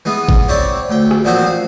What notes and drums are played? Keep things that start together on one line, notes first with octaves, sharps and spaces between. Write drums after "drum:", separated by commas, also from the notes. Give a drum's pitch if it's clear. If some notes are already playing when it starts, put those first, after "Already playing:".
E3 G#3 B3
drum: kick G#1
C4 E4 C#5 D5
D2 G5
drum: rim click
A1 A#2 F3 F#3 C4 C5
F5